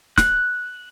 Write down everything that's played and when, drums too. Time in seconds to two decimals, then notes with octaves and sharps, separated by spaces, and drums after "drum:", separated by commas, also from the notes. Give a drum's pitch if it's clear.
0.18 F#6, drum: snare